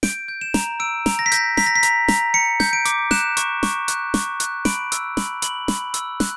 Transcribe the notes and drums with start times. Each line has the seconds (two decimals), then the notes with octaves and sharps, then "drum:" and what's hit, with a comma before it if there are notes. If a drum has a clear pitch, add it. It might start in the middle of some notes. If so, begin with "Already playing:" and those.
0.03 G6 D7, drum: snare
0.28 G6
0.41 E7
0.54 A#5, drum: snare
0.80 E6 D7
1.06 A#5, drum: snare
1.19 A#6
1.26 B6
1.32 G6 A#6, drum: hi-hat
1.57 A#5 B6, drum: snare
1.67 A#6
1.76 B6
1.83 A#5, drum: hi-hat
2.08 A#5, drum: snare
2.34 A#5 C#7
2.60 G6, drum: snare
2.73 D7
2.85 D6, drum: hi-hat
3.11 F#6 E7, drum: snare
3.37 C#6, drum: hi-hat
3.63 C#6, drum: snare
3.88 F#6, drum: hi-hat
4.14 C#6, drum: snare
4.40 F#6, drum: hi-hat
4.65 B5 D7, drum: snare
4.92 E6, drum: hi-hat
5.17 B5, drum: snare
5.42 B5 F#7, drum: hi-hat
5.68 B5, drum: snare
5.94 E6, drum: hi-hat
6.20 F#6, drum: snare